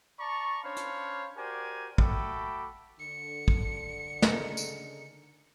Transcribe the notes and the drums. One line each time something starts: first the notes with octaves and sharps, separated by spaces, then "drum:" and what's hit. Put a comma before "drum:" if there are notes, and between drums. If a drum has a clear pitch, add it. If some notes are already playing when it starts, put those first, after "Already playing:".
D5 A5 A#5 C#6
C#4 D4 C5 C#5 F5 B5
drum: hi-hat
F#4 G4 A#4 C5 D5 G#5
A3 F#4 A4 G5 B5 D6, drum: kick
D3 C#7
drum: kick
C#3 D#4 A#4, drum: snare
drum: tambourine